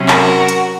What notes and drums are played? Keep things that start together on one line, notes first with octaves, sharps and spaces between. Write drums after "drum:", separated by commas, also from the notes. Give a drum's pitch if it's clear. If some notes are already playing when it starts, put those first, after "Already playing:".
Already playing: C3 F#3 C#4
F#4 A#4, drum: clap
drum: hi-hat